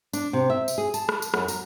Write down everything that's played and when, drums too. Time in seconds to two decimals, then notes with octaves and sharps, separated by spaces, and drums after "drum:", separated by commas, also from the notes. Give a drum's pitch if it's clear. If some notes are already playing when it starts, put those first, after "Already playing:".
0.13 D4, drum: tambourine
0.33 C3
0.50 E5
0.68 drum: tambourine
0.78 G#4
0.94 A5, drum: tambourine
1.09 drum: rim click
1.22 drum: tambourine
1.34 F#2, drum: rim click
1.48 A#4, drum: tambourine